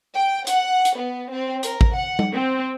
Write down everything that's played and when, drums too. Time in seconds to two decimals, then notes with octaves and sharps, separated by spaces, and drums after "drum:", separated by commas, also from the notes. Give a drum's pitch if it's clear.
0.14 G5
0.47 F#5, drum: hi-hat
0.85 drum: hi-hat
0.97 B3
1.31 C4
1.63 A#4, drum: hi-hat
1.81 drum: kick
1.94 F#5
2.19 drum: tom G3
2.33 C4